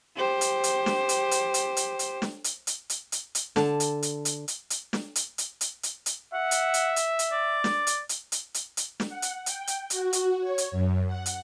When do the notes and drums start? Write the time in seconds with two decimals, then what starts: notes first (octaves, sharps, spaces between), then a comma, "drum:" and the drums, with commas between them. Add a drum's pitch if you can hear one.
0.16 G4 C5
0.41 drum: hi-hat
0.64 drum: hi-hat
0.86 drum: snare
1.09 drum: hi-hat
1.31 drum: hi-hat
1.54 drum: hi-hat
1.77 drum: hi-hat
1.99 drum: hi-hat
2.22 drum: snare
2.44 drum: hi-hat
2.67 drum: hi-hat
2.90 drum: hi-hat
3.12 drum: hi-hat
3.35 drum: hi-hat
3.56 D3 A5, drum: snare
3.80 drum: hi-hat
4.03 drum: hi-hat
4.25 drum: hi-hat
4.48 drum: hi-hat
4.70 drum: hi-hat
4.93 drum: snare
5.15 drum: hi-hat
5.38 drum: hi-hat
5.61 drum: hi-hat
5.83 drum: hi-hat
6.06 drum: hi-hat
6.33 E5 F#5
6.51 drum: hi-hat
6.74 drum: hi-hat
6.96 drum: hi-hat
7.19 drum: hi-hat
7.31 D5
7.64 drum: snare
7.87 drum: hi-hat
8.09 drum: hi-hat
8.32 drum: hi-hat
8.54 drum: hi-hat
8.77 drum: hi-hat
9.00 drum: snare
9.09 F#5
9.22 drum: hi-hat
9.46 G5, drum: hi-hat
9.67 drum: hi-hat
9.90 F#4, drum: hi-hat
10.13 drum: hi-hat
10.40 C#5
10.58 drum: hi-hat
10.71 F#2
11.07 F#5
11.26 drum: hi-hat